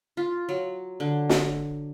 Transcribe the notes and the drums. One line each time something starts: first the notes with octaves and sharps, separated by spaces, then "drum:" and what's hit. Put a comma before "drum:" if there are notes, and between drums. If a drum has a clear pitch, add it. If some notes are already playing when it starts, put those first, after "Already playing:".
F4
F#3
D3
drum: snare